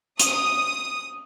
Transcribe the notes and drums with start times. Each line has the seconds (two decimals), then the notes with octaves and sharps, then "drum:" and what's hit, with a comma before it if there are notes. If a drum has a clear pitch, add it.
0.19 D#6, drum: hi-hat